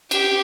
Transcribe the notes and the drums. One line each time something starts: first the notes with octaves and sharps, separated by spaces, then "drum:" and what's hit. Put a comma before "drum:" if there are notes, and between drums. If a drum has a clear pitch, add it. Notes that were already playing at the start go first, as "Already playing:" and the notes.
G4, drum: cymbal